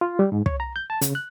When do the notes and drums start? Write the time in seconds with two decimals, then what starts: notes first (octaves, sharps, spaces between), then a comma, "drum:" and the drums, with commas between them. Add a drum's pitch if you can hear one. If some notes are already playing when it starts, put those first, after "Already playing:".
0.01 F4
0.19 G3
0.32 G#2
0.46 C#5, drum: kick
0.60 A#5
0.76 G6
0.90 A5
1.01 C#3, drum: hi-hat
1.15 F#6